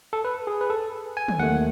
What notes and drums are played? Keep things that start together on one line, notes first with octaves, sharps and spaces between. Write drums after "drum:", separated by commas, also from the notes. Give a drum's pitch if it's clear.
A4
B4
G#4
B4
A4
G#5
drum: tom
D#2 D#3 A3 F#5